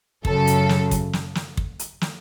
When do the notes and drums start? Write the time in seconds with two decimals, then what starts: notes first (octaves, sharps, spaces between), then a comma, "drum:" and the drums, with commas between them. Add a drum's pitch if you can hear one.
0.25 F#2 C#3 F#3 A4, drum: kick
0.47 drum: hi-hat
0.69 drum: snare
0.91 drum: kick, hi-hat
1.13 drum: snare
1.35 drum: snare
1.57 drum: kick
1.79 drum: hi-hat
2.01 drum: snare